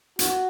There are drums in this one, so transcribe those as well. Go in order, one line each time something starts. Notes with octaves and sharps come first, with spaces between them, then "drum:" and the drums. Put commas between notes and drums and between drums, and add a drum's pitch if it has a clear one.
F#4, drum: hi-hat